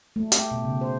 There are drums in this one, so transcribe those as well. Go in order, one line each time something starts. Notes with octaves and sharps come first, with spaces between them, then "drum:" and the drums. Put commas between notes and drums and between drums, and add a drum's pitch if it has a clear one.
A3
G4, drum: hi-hat
B2
C#3
C5